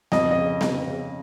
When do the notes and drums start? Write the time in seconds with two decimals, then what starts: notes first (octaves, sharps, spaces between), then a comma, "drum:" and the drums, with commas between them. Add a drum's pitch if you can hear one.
0.12 F2 D#5, drum: snare B3
0.31 C#3 D#5
0.61 F2, drum: snare B3
0.86 C#3